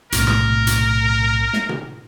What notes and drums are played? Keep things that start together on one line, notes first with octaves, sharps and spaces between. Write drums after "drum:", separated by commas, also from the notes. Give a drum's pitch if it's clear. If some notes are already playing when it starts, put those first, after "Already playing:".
B1 A2 C3 A#4, drum: hi-hat
drum: rim click
drum: hi-hat
drum: snare
drum: tom A#2